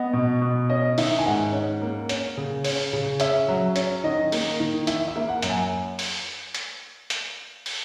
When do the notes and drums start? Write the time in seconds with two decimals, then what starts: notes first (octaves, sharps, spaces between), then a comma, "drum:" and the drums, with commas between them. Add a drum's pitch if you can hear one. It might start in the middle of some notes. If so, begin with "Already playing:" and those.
Already playing: B3 D#5
0.13 B2
0.42 B2
0.70 C#4 D#5
0.98 D#3 E5, drum: open hi-hat
1.19 G#5
1.26 G#2 F#5
1.53 C#4
1.81 A#3
2.09 C#4, drum: hi-hat
2.37 C#3
2.64 C#4, drum: open hi-hat
2.93 C#3
3.20 C#4 E5, drum: hi-hat
3.48 F#3
3.76 C#4, drum: hi-hat
4.04 D#3 D#5
4.32 A#3, drum: open hi-hat
4.60 D#3
4.87 E3 E5, drum: hi-hat
5.08 E5
5.16 A#3
5.29 F#5
5.42 F#2, drum: hi-hat
5.50 G#5
5.99 drum: open hi-hat
6.54 drum: hi-hat
7.10 drum: hi-hat
7.66 drum: open hi-hat